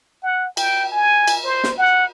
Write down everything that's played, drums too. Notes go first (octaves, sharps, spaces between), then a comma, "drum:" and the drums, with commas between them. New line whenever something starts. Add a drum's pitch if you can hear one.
F#5
G5, drum: cymbal
G#5
drum: cymbal
C5
drum: snare
F#5